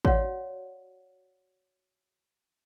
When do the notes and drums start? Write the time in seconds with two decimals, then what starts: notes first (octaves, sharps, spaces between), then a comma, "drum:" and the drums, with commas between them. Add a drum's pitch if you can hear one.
0.05 F#4 C#5 D5 F5 F#5, drum: kick A1